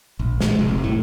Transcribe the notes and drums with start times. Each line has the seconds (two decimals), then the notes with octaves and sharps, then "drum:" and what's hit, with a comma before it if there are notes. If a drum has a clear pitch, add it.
0.19 A#1
0.41 G#3, drum: snare
0.59 F1
0.84 A2